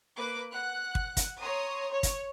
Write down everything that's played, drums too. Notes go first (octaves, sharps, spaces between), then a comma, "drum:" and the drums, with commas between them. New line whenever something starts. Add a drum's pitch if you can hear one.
A#3 B4 D6
F#5 F#6
drum: kick
drum: kick, hi-hat
C#5 A#5 C6 D#6
C#5
drum: kick, hi-hat